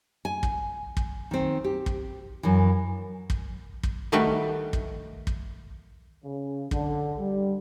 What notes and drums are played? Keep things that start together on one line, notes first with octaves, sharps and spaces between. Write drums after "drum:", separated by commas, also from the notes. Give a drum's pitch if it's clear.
G#5
drum: kick
drum: kick
D#3 C4
G4
drum: kick
F#2 E3
drum: kick
drum: kick
D#3 G3 A3 F#4 B4 G5
drum: kick
drum: kick
C#3
D3, drum: kick
G3